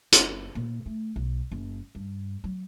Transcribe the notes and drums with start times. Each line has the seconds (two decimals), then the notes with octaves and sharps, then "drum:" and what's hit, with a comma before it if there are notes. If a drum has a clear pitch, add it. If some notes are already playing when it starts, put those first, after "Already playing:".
0.12 F#1, drum: hi-hat
0.55 A#2
0.86 A3
1.16 B1
1.51 F#1
1.95 G2
2.44 F#3